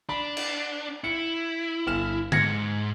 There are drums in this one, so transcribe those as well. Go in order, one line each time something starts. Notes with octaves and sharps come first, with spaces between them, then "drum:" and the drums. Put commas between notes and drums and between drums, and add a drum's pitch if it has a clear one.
D4 B5
drum: cymbal
E4 C#7
G1 F6 E7
G#2 G#6 A#6 C#7, drum: tom